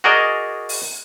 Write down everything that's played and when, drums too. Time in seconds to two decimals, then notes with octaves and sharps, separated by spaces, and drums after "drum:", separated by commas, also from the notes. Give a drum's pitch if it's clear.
0.04 F#4 G#4 A#4 D5 D#5
0.69 drum: open hi-hat